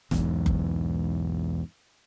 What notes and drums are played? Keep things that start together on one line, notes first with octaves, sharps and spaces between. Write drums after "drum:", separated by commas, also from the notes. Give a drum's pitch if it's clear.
B1 E2 G#2, drum: snare E1
drum: kick F#1